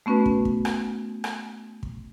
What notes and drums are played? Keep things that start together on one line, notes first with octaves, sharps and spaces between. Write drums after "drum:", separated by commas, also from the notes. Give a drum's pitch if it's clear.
A3 B3 C#4 F#4 B4
drum: kick
drum: kick
drum: rim click
drum: rim click
drum: kick